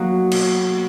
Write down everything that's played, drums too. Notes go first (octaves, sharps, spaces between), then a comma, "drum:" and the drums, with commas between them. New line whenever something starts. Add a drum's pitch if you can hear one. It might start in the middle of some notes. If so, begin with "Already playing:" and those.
Already playing: F#3 A#3 D#4 F#4
B2, drum: cymbal